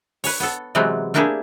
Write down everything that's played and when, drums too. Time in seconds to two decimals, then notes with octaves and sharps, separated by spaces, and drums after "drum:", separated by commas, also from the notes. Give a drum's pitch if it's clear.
0.24 B4 C#5, drum: open hi-hat
0.40 B3 A4
0.75 C3 E3 F#3 G#3 B3 C4
1.14 A3 A#3 D4 E4 G4 G#4